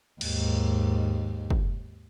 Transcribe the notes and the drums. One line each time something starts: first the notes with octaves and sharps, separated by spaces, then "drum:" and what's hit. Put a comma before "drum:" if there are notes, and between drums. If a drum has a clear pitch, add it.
D#2 G#2, drum: cymbal
drum: kick